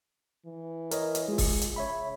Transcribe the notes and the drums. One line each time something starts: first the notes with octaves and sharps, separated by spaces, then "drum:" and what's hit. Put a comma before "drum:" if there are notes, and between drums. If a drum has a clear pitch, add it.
E3
A#4 C#5 D#5, drum: hi-hat
drum: hi-hat
G#3 F4 G#4
drum: kick, open hi-hat
drum: hi-hat
C#3 C#5 E5 B5